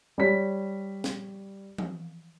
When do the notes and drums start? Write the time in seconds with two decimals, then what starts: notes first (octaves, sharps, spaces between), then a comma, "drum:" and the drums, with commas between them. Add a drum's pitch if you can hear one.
0.18 G3 C#5 B6
1.04 drum: snare
1.78 drum: tom E3